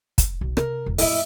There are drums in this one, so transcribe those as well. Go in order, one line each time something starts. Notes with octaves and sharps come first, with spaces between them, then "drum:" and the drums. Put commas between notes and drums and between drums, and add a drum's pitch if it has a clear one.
drum: kick, hi-hat
B1
C3 A#4, drum: rim click
E1
F#2 A#2 E4 D#5, drum: open hi-hat